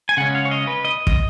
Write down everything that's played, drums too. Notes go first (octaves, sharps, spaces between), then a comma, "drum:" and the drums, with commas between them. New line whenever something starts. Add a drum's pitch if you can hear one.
G#5
C#3 G#3 C#4 F#5
F5
C#5
D#5
B4
D#5
D#5, drum: kick